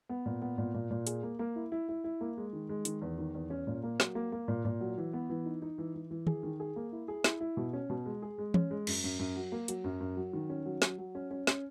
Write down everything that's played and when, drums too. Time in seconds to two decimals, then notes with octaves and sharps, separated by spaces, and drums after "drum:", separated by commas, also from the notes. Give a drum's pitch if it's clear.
0.09 B3
0.26 A#2
0.42 B3
0.58 A#2
0.74 A#2
0.91 A#2
1.07 G#4, drum: hi-hat
1.23 A#3
1.39 A#3
1.56 E4
1.72 E4
1.89 E4
2.04 E4
2.21 A#3
2.37 G#3
2.53 D#3
2.69 G#3
2.85 D#3, drum: hi-hat
3.02 E2
3.18 D#3
3.35 E2
3.50 C#4
3.67 A#2
3.83 A#3
4.00 F#3, drum: snare
4.15 A#3
4.32 A#3
4.48 A#2
4.65 A#2
4.81 F#3
4.98 E3
5.13 B3
5.30 E3
5.46 D#4
5.62 D#4
5.78 E3
5.95 E3
6.11 E3
6.27 G#4, drum: tom
6.43 D#3
6.60 G#4
6.76 A#3
6.92 E4
7.08 G#4
7.24 E4, drum: snare
7.41 E4
7.57 B2
7.73 C#4
7.90 B2
8.06 G#3
8.22 G#4
8.38 G#3
8.54 C#4, drum: tom E3
8.71 G#3
8.87 F#2, drum: cymbal
9.04 F#2
9.19 F#2
9.36 F#3
9.52 A#3
9.68 F#3, drum: hi-hat
9.84 F#2
10.00 F#2
10.17 F#3
10.33 D#3
10.49 C#4
10.65 F#3
10.82 F#3, drum: snare
10.98 F#3
11.15 C#4
11.31 C#4
11.47 C#4, drum: snare